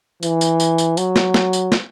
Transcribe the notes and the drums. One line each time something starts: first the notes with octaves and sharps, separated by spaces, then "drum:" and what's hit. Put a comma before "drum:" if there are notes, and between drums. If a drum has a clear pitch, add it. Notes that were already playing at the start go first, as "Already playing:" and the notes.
E3, drum: tambourine
drum: tambourine
drum: tambourine
drum: tambourine
F#3, drum: tambourine
drum: snare
drum: snare
drum: tambourine
drum: snare